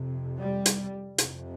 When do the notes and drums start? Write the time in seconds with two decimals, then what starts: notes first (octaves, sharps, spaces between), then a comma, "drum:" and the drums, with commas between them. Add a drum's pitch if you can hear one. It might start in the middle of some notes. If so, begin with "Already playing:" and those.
Already playing: F2 C3
0.39 G3
0.66 drum: hi-hat
1.18 F2 C3, drum: hi-hat